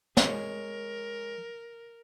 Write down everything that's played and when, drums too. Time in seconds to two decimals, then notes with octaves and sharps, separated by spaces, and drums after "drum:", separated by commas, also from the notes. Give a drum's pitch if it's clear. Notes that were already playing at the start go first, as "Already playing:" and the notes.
0.17 G#3 A#4 C#5, drum: snare